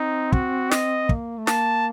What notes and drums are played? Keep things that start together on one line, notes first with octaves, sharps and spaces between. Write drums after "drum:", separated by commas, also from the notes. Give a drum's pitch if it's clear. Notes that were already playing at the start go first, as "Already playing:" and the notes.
Already playing: C4 D#4
F#4, drum: kick
D#5, drum: snare
A#3, drum: kick
A3
A#3 A5, drum: snare